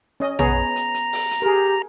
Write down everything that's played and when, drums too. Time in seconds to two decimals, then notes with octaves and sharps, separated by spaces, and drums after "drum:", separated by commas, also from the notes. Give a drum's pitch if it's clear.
0.20 C#4 D#5
0.39 B3 G#4 C#5 A#5, drum: tom A#1
0.76 drum: hi-hat
0.94 drum: hi-hat
1.13 drum: open hi-hat
1.31 drum: hi-hat
1.42 G4 G#4 A#4